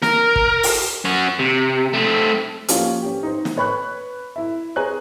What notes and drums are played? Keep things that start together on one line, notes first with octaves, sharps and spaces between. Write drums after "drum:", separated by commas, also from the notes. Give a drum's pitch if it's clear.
A#4, drum: snare
drum: kick
drum: open hi-hat
C#4 F#4
C3
A3 C4
F3 A#3 C#4 F4 G4, drum: hi-hat
C#4 G4
D#4 C5
drum: snare
B4 C#5 B5 C#6 F#6
E4 E5
G#4 C5 C#5 G#5 A#5 F#6